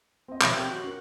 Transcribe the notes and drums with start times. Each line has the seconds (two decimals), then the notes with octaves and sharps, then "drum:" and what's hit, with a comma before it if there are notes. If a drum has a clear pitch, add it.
0.28 C4 D#5
0.41 B2 D#3 F3 C#5 E5, drum: clap
0.54 C4 G4
0.71 F#4
0.84 C#4 A#4